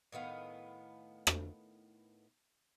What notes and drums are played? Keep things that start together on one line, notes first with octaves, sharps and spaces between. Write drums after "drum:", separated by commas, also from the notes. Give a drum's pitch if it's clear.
A2 D#3 B3 F5
drum: rim click